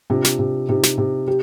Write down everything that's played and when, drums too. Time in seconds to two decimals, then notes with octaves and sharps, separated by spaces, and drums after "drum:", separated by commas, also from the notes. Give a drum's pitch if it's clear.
0.10 C3 D4 F4
0.25 drum: snare
0.39 C3
0.68 C3 D#4 G4
0.83 drum: snare
0.98 C3
1.28 G4